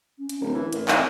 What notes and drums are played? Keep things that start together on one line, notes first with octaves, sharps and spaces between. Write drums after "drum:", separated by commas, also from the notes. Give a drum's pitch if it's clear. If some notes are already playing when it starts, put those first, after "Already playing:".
C#4
drum: hi-hat
D1 A#4
E3
A1 A#4, drum: hi-hat
G#1 D#4, drum: clap